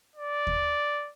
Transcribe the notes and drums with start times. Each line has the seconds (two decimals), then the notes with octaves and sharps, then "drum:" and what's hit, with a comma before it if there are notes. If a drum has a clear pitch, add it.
0.15 D5
0.47 drum: kick D#2